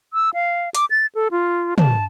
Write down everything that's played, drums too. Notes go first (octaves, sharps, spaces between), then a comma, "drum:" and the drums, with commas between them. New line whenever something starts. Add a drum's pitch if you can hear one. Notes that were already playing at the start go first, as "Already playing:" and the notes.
E6
F5
D6, drum: hi-hat
A6
A4
F4
A5, drum: tom